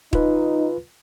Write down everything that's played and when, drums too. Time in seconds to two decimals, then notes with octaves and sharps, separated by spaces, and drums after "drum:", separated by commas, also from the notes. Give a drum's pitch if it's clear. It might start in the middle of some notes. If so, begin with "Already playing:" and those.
0.13 D#4 F4 B4, drum: kick